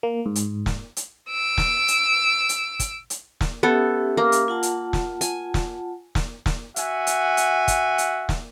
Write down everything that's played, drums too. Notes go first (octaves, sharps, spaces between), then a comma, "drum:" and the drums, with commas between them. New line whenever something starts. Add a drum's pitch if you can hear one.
A#3
G#2
drum: hi-hat
drum: snare
drum: hi-hat
E6 D7
drum: snare
drum: hi-hat
drum: hi-hat
drum: kick, hi-hat
drum: hi-hat
drum: snare
B3 C#4 G4 A4 E5
A#3
drum: hi-hat
F4 F#5 A5
drum: hi-hat
drum: snare
G#5, drum: hi-hat
drum: snare
drum: snare
drum: snare
F#4 E5 F#5 G#5, drum: hi-hat
drum: hi-hat
drum: hi-hat
drum: kick, hi-hat
drum: hi-hat
drum: snare